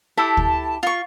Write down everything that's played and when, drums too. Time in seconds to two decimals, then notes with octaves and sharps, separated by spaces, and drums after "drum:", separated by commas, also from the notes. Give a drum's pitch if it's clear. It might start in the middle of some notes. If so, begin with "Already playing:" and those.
0.17 E4 G4 A4 A5 B5
0.37 drum: kick D2
0.83 F4 C#6